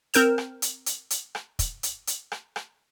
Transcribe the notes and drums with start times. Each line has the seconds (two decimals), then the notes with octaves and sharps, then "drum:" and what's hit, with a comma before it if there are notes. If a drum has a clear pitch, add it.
0.14 C4 A#4 G6 E7, drum: hi-hat
0.38 drum: rim click
0.62 drum: hi-hat
0.86 drum: hi-hat
1.10 drum: hi-hat
1.35 drum: rim click
1.59 drum: kick, hi-hat
1.83 drum: hi-hat
2.07 drum: hi-hat
2.32 drum: rim click
2.56 drum: rim click